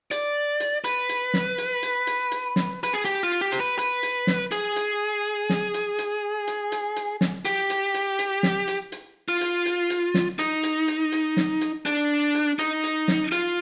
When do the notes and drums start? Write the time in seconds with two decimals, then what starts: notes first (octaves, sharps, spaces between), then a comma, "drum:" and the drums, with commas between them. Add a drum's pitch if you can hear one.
0.11 D5, drum: hi-hat
0.60 drum: hi-hat
0.84 B4, drum: hi-hat
1.09 drum: hi-hat
1.34 drum: snare
1.58 drum: hi-hat
1.83 drum: hi-hat
2.07 drum: hi-hat
2.31 drum: hi-hat
2.56 drum: snare
2.83 B4, drum: hi-hat
2.94 G#4
3.05 G4, drum: hi-hat
3.23 F4
3.41 G4
3.52 C5, drum: hi-hat
3.60 B4
3.79 B4, drum: hi-hat
4.03 drum: hi-hat
4.27 drum: snare
4.52 G#4, drum: hi-hat
4.76 drum: hi-hat
5.50 drum: snare
5.74 drum: hi-hat
5.98 drum: hi-hat
6.47 drum: hi-hat
6.72 drum: hi-hat
6.96 drum: hi-hat
7.21 drum: snare
7.45 G4, drum: hi-hat
7.70 drum: hi-hat
7.94 drum: hi-hat
8.19 drum: hi-hat
8.43 drum: snare
8.68 drum: hi-hat
8.92 drum: hi-hat
9.29 F4
9.41 drum: hi-hat
9.65 drum: hi-hat
9.90 drum: hi-hat
10.14 drum: snare
10.39 D#4, drum: hi-hat
10.63 drum: hi-hat
10.88 drum: hi-hat
11.12 drum: hi-hat
11.37 drum: snare
11.61 drum: hi-hat
11.86 D4, drum: hi-hat
12.35 drum: hi-hat
12.59 D#4, drum: hi-hat
12.84 drum: hi-hat
13.08 drum: snare
13.32 F4, drum: hi-hat